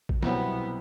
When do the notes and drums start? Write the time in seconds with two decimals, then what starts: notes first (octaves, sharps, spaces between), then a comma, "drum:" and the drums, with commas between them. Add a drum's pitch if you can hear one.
0.09 drum: kick A1
0.23 C2 B2 F#3 B3 C4 E4, drum: snare